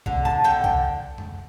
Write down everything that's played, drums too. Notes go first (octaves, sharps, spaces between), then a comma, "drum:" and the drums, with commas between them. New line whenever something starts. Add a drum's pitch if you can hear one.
D3, drum: kick C2
A5, drum: tom A2
D3 G5
G5, drum: kick C2
drum: tom F2